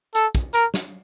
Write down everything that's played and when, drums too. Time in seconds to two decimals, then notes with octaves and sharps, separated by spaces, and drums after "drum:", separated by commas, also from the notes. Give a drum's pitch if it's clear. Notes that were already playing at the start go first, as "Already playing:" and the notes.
0.15 A4, drum: hi-hat
0.35 drum: kick, hi-hat
0.54 A#4, drum: hi-hat
0.74 drum: snare